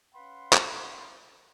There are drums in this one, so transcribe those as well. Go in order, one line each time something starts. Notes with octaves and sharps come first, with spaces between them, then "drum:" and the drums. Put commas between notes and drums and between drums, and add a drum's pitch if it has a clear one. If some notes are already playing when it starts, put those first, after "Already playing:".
C#4 B4 F5 F#5 B5 C6
drum: clap